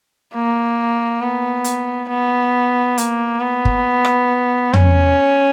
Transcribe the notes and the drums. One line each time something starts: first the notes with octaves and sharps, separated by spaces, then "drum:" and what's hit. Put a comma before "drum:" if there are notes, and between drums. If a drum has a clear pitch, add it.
A#3
B3
drum: hi-hat
B3
A#3, drum: hi-hat
B3
drum: kick
drum: rim click
C#4, drum: tom